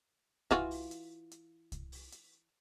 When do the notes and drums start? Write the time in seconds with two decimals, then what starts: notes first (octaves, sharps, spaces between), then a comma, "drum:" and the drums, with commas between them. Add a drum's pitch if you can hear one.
0.51 E3 F4 F#4, drum: kick C2, hi-hat
0.71 drum: open hi-hat
0.91 drum: hi-hat
1.31 drum: hi-hat
1.72 drum: kick C2, hi-hat
1.92 drum: open hi-hat
2.12 drum: hi-hat